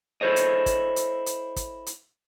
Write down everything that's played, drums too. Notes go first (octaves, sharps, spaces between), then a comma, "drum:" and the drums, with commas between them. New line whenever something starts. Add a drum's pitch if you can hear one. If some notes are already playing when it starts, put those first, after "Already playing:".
E4 A4 C5 C#5 D#5
drum: hi-hat
drum: kick, hi-hat
drum: hi-hat
drum: hi-hat
drum: kick, hi-hat
drum: hi-hat